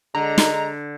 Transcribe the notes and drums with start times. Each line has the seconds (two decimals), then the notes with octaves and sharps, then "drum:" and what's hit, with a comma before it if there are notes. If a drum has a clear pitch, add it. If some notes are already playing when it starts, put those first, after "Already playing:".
0.15 D3 G#3 A#5
0.38 drum: snare